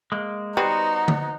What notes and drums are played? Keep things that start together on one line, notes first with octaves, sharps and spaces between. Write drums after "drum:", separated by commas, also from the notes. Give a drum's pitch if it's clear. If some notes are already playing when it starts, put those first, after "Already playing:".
G#3 A#3
G3 B3 D#4 F#4 B4 C5
drum: tom D3